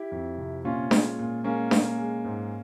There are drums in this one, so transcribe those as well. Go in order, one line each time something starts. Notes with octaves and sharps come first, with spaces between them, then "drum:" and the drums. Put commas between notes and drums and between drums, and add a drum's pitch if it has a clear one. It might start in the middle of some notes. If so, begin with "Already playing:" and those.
Already playing: E4 G4
F2
C3
A#2 C#4 F4
G#3, drum: snare D4
A#2
G#3 A#3 C#4
A#2, drum: snare D4
G#3
G#2